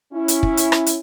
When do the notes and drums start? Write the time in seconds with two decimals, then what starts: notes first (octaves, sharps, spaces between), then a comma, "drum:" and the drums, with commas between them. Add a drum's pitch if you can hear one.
0.14 C#4 E4
0.28 drum: hi-hat
0.43 drum: kick
0.57 drum: hi-hat
0.72 drum: rim click
0.86 drum: hi-hat